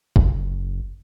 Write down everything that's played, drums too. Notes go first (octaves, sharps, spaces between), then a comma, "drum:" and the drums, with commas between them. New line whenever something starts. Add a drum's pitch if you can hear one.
F#1, drum: kick